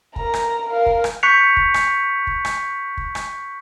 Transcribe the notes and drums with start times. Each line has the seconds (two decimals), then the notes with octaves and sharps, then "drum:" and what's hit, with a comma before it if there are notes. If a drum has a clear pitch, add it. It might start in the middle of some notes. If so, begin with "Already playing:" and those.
0.16 A#4 A#5, drum: kick
0.34 drum: rim click
0.69 A#4 F5
0.86 drum: kick
1.04 drum: rim click
1.23 C#6 F#6 G6 B6 C#7 F7
1.57 drum: kick
1.74 drum: rim click
2.27 drum: kick
2.45 drum: rim click
2.97 drum: kick
3.15 drum: rim click